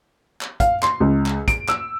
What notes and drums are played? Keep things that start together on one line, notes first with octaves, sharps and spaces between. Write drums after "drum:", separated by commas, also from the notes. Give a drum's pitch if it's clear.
drum: clap
F5, drum: kick, hi-hat
C6, drum: clap
C#2
drum: clap
D7, drum: kick, hi-hat
E6, drum: clap